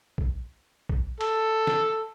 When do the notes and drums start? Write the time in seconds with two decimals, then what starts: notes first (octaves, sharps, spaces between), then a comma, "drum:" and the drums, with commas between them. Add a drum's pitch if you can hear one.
0.18 drum: kick
0.89 drum: kick
1.21 A4, drum: cymbal
1.67 drum: snare